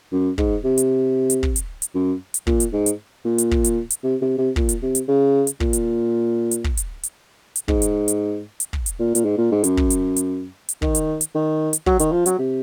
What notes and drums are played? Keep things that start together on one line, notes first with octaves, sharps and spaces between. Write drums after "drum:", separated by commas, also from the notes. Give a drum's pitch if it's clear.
F#2
G#2, drum: kick
C3
drum: hi-hat
drum: hi-hat
drum: kick
drum: hi-hat
drum: hi-hat
F#2
drum: hi-hat
A#2, drum: kick
drum: hi-hat
G#2
drum: hi-hat
A#2
drum: hi-hat
drum: kick
drum: hi-hat
drum: hi-hat
C3
C3
C3
A#2, drum: kick
drum: hi-hat
C3
drum: hi-hat
C#3
drum: hi-hat
A#2, drum: kick
drum: hi-hat
drum: hi-hat
drum: kick
drum: hi-hat
drum: hi-hat
drum: hi-hat
G#2, drum: kick
drum: hi-hat
drum: hi-hat
drum: hi-hat
drum: kick
drum: hi-hat
A#2
A#2, drum: hi-hat
G#2
A#2
G#2
F#2, drum: hi-hat
drum: kick
drum: hi-hat
drum: hi-hat
drum: hi-hat
D#3, drum: kick
drum: hi-hat
drum: hi-hat
D#3
drum: hi-hat
F#3, drum: kick
D#3, drum: hi-hat
F3
F#3, drum: hi-hat
C3